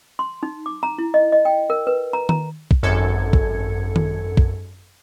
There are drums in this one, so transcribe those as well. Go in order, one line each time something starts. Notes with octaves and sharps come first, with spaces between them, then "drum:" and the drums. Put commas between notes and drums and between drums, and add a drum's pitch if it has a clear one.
C6
D#4
D6
A#5
E4
D#5
D#5
G5
A#4
B4
A#5
A#5, drum: tom D#3
drum: kick
G#1 F#2 A4 G#6 C#7
drum: kick
drum: tom D#3
drum: kick